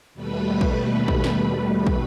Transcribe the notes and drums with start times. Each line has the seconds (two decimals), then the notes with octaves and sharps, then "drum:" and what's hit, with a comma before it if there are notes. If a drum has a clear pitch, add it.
0.14 D#2 B2 G3 A3 B4 B5
0.61 drum: kick
1.08 drum: kick
1.24 drum: snare
1.87 drum: kick